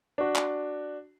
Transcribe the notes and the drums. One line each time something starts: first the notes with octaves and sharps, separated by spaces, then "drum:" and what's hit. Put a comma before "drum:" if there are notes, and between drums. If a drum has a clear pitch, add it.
D4 F#4
drum: clap